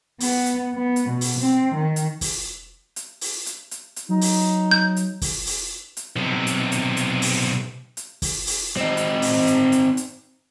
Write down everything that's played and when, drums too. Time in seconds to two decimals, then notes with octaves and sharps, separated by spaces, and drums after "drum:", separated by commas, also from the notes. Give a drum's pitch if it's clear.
0.20 B3, drum: open hi-hat
0.46 drum: hi-hat
0.75 B3
0.96 drum: hi-hat
1.09 B2
1.21 drum: open hi-hat
1.39 C4
1.75 D#3
1.96 drum: hi-hat
2.21 drum: kick, open hi-hat
2.96 drum: hi-hat
3.21 drum: open hi-hat
3.46 drum: hi-hat
3.71 drum: hi-hat
3.96 drum: hi-hat
4.09 F#3 D#4
4.21 drum: open hi-hat
4.71 G6
4.96 drum: hi-hat
5.22 drum: kick, open hi-hat
5.47 drum: open hi-hat
5.97 drum: hi-hat
6.16 B1 C3
6.47 drum: hi-hat
6.72 drum: hi-hat
6.97 drum: hi-hat
7.22 drum: open hi-hat
7.97 drum: hi-hat
8.22 drum: kick, open hi-hat
8.47 drum: open hi-hat
8.77 C4 D#4
8.97 drum: hi-hat
9.22 drum: open hi-hat
9.47 drum: hi-hat
9.72 drum: hi-hat
9.97 drum: hi-hat